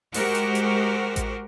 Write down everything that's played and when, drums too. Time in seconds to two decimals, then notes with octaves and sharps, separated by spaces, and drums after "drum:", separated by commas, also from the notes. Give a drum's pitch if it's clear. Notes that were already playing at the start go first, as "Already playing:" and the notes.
0.14 G#3 F#4 G4 A#4 C5, drum: open hi-hat
0.35 drum: hi-hat
0.55 drum: hi-hat
1.16 drum: kick A1, hi-hat